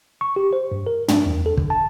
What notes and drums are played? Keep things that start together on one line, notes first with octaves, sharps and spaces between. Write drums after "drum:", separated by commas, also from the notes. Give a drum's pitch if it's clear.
C#6
G4
C5
G2
A#4
D4, drum: tom
E2
A4
D3, drum: kick
A5